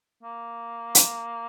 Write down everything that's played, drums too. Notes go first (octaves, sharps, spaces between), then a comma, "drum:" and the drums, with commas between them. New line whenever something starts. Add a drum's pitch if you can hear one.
A#3
drum: hi-hat